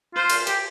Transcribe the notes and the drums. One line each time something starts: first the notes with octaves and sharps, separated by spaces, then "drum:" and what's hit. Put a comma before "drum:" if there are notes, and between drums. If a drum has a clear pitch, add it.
F4 C5
drum: cymbal
G4, drum: hi-hat